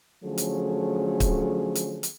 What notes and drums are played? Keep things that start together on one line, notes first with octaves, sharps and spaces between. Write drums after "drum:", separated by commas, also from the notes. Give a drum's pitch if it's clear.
D3 F3 F#3 A3 C#4 G#4
drum: hi-hat
drum: kick, hi-hat
drum: hi-hat
drum: hi-hat